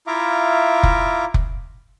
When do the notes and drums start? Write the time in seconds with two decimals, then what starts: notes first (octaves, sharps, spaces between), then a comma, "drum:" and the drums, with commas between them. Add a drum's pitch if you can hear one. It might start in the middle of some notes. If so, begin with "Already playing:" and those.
0.07 E4 F4 E5 F5 A#5 D6
0.83 drum: kick F1
1.34 drum: kick F1